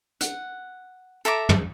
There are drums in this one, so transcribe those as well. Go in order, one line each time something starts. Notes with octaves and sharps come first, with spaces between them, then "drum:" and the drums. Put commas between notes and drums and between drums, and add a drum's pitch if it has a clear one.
F#5, drum: hi-hat
A4 E5 A#5 D6
drum: tom